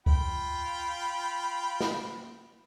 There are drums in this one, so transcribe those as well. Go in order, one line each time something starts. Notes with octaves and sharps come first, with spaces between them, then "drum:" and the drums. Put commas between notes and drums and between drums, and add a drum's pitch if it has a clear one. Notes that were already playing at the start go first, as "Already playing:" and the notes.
F4 G5 B5, drum: kick C#2
drum: snare